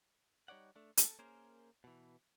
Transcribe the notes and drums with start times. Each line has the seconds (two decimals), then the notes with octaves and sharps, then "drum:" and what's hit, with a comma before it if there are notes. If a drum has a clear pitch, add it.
0.48 G3 D#4 C#5 D5 F#5
0.76 A3 D4
0.97 A4, drum: hi-hat
1.19 A#3 C#4 G#4 A#4 C5
1.84 B2 E3